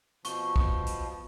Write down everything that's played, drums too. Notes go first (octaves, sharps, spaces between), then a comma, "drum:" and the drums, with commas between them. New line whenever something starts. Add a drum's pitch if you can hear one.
B2 F3 C#6 G7, drum: hi-hat
drum: kick
drum: hi-hat